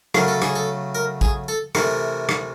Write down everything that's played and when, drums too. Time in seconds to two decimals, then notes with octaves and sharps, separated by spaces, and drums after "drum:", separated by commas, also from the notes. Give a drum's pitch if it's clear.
0.14 C#3 F#3 A3 A#4, drum: rim click
0.28 A4
0.42 G#4, drum: rim click
0.56 A4
0.95 A#4
1.21 G#4, drum: kick A1
1.48 A4
1.75 C3 E3 A3 A#4, drum: rim click
2.29 drum: rim click